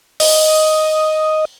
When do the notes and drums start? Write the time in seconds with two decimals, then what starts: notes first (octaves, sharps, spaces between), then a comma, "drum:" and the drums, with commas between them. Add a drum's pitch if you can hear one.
0.20 D#5, drum: open hi-hat